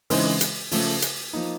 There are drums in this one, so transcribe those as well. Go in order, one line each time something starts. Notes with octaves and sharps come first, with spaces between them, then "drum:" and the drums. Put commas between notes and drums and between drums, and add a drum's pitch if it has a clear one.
C#3 E3 G#3 C4 D#4, drum: open hi-hat
drum: hi-hat
C#3 F3 A3, drum: open hi-hat
drum: hi-hat
F3 A#3 D#4